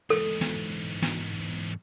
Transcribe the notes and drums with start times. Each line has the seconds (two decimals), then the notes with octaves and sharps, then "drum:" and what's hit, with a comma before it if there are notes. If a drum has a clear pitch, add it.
0.10 E2 G#2 A4
0.41 drum: snare
1.02 drum: snare